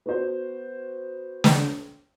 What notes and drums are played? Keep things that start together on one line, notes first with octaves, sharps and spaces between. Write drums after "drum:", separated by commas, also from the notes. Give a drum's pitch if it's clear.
B3 F#4 C5
drum: snare